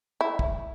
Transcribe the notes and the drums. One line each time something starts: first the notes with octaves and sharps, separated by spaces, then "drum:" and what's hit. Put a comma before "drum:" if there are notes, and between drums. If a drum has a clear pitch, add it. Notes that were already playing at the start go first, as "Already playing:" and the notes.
E4
drum: kick